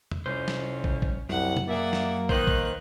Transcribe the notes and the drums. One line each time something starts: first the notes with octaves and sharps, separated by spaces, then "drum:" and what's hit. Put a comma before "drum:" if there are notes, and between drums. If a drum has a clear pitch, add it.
drum: tom E2
C2 F2 C#4 C5
drum: snare
drum: kick
drum: kick
C2 F#2 F#5
drum: tom
A#3 G#4 D5 E5 F#5
drum: snare
D#3 B4 C5 F#6, drum: kick
drum: kick